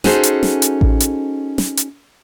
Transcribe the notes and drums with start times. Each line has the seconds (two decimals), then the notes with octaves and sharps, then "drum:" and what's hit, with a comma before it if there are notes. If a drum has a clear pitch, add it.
0.04 C#4 D#4 F#4 G#4 A4 C5, drum: snare
0.23 drum: hi-hat
0.43 drum: snare
0.62 drum: hi-hat
0.81 drum: kick A1
1.00 drum: hi-hat
1.58 drum: snare
1.77 drum: hi-hat